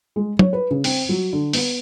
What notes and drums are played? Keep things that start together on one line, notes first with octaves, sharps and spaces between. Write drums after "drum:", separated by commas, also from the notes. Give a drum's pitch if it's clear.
G#3
C#5, drum: tom
B4
C#3
C4, drum: open hi-hat
F#3
D3
B3, drum: open hi-hat